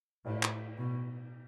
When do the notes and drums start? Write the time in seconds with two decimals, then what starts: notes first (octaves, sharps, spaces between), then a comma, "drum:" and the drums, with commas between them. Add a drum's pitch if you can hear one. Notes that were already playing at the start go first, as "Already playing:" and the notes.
0.25 A2, drum: cymbal
0.43 drum: clap
0.77 B2